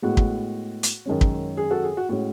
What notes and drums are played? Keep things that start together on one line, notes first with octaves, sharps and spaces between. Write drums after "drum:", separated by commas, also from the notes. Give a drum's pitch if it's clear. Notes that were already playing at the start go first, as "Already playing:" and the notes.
A2 G#3 B3 F#4
drum: kick
drum: hi-hat
F#2 D#3 G#3 C#4
drum: kick
G#4
F#4 A4
G#4
F#4
A2 G#3 C#4 F#4